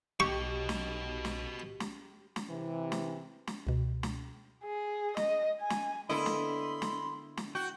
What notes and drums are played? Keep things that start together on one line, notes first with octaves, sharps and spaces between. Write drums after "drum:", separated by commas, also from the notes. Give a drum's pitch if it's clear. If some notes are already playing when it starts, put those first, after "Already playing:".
B1 F#4 G4 D#5 C#6
drum: snare
drum: snare
drum: snare
drum: snare
C3 E3
drum: snare
drum: snare
C#2 B2
drum: snare
G#4
D#5, drum: snare
G#5
drum: snare
D3 A#3 B3 E4 D#5 B5 C6
drum: snare
drum: snare
drum: snare
F#4 G5